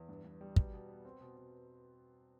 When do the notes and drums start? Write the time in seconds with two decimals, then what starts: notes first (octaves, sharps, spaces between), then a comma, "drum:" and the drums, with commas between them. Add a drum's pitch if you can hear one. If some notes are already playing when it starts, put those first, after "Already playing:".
Already playing: E2
0.09 G2
0.24 G2
0.41 G3
0.56 B2, drum: kick
0.73 B2
0.89 B3
1.05 C4
1.21 B2
1.37 B2